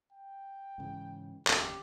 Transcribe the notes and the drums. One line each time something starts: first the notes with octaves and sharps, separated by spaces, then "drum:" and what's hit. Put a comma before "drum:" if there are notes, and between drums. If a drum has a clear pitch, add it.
G5
G#2 C#3 E3
F1 D#2 C#3 G4, drum: clap